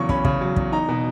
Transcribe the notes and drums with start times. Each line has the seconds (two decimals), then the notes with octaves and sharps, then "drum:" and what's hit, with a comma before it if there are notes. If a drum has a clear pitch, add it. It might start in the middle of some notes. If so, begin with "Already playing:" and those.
Already playing: E2 C#3 F#3 C#6
0.09 C#4 B5, drum: kick
0.25 C#3, drum: kick
0.41 F#3
0.56 E2, drum: kick
0.72 D#4 A#5
0.88 B2